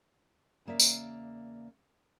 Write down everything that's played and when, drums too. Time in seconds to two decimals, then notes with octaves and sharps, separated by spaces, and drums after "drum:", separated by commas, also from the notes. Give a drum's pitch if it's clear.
0.66 E2 C#3 A#3 D5 E5
0.80 drum: tambourine